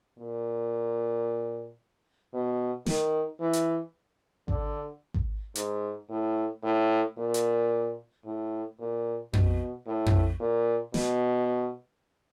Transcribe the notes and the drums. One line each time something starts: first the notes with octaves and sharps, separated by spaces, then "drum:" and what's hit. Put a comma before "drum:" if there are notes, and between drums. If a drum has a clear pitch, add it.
A#2
B2
D#3, drum: snare
E3
drum: hi-hat
D3, drum: kick G#1
drum: kick G#1
G#2, drum: hi-hat
A2
A2
A#2
drum: hi-hat
A2
A#2
B2, drum: tom F2
A2
drum: tom F2
A#2
B2, drum: snare